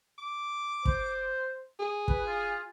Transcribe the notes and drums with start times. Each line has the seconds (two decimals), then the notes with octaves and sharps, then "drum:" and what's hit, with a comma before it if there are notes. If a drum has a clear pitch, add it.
0.18 D6
0.85 C5, drum: kick
1.79 G#4
2.08 B4, drum: kick
2.26 F4